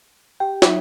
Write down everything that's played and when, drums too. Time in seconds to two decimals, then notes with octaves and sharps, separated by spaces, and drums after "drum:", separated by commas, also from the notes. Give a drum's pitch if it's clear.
0.40 G4 G5
0.62 F#3 D#4 E5, drum: snare